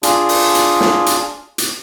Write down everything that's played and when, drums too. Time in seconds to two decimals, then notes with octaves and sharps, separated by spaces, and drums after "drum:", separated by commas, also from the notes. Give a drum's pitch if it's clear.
0.03 D4 F4 G#4, drum: hi-hat
0.29 drum: open hi-hat
0.55 drum: hi-hat
0.81 drum: snare
1.06 drum: hi-hat
1.58 drum: hi-hat